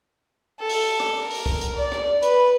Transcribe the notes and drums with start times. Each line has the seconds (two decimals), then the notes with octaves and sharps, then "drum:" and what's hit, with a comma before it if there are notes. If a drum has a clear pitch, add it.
0.60 A4
0.69 drum: open hi-hat
1.00 drum: rim click
1.20 A#4
1.30 drum: open hi-hat
1.46 drum: kick
1.61 drum: hi-hat
1.76 D5
1.92 drum: rim click
2.22 B4, drum: hi-hat